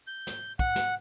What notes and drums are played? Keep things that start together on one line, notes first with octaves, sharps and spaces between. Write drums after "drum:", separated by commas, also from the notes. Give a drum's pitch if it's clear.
G6
drum: snare
F#5, drum: kick
drum: snare